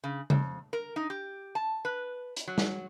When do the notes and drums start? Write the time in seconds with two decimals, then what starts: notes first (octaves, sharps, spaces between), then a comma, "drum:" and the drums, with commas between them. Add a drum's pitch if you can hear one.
0.04 C#3
0.30 F2, drum: tom C#3
0.73 A#4
0.96 D#4
1.10 G4
1.55 A5
1.85 B4
2.37 drum: hi-hat
2.48 F#3
2.58 drum: snare